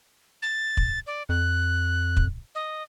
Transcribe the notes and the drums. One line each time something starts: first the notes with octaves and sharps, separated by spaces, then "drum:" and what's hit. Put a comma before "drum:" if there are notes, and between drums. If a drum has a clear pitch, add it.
A6
drum: kick
D5
F2 F#6
drum: kick
D#5